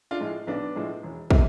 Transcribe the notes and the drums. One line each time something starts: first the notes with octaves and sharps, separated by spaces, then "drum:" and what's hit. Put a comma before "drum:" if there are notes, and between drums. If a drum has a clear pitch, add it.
D4 F4
A2 F3 G#3
B1 B3 D4
A2 F3 G#3
E1
C3 G#3, drum: kick